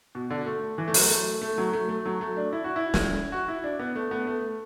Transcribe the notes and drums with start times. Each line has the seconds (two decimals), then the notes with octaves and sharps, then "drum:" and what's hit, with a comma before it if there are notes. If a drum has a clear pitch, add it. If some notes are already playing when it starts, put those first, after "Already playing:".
0.15 B2
0.30 D3
0.46 A3
0.78 E3
0.88 A3
0.94 F#3, drum: open hi-hat
1.10 A3
1.41 A3
1.58 F#3
1.73 A3
1.89 A3
2.06 F#3
2.21 A3
2.37 D4
2.53 E4
2.64 F#4
2.76 E4
2.94 drum: snare
3.32 F#4
3.48 E4
3.64 D4
3.79 B3
3.96 A3
4.11 B3
4.27 A3